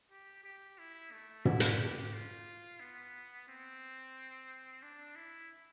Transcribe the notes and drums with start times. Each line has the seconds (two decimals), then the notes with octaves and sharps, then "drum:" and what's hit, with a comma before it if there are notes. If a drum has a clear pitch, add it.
0.11 G4
0.44 G4
0.78 E4
1.12 A3
1.45 E4, drum: tom
1.60 drum: hi-hat
1.79 G4
2.13 F4
2.80 B3
3.48 C4
4.83 D4
5.16 E4